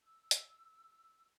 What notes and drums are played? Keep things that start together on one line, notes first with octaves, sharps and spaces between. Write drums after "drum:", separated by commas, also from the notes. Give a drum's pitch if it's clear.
E6
drum: hi-hat